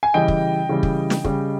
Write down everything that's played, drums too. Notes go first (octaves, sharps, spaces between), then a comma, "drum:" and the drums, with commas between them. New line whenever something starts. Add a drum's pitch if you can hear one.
G#5
C#3 E3 G3 D#5 G5
drum: kick
C#3 E3 G3
drum: kick
drum: snare
C#3 G3, drum: kick